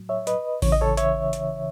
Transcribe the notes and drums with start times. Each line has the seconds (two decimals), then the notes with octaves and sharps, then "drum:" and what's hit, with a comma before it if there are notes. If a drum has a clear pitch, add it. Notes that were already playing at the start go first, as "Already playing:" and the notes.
Already playing: A2 F#3
0.09 C#5 E5
0.27 B4 D#5, drum: hi-hat
0.62 C#3 E3 C#5, drum: kick A1, open hi-hat
0.72 D#5
0.81 A4 C#5
0.97 C#5 E5, drum: hi-hat
1.33 drum: hi-hat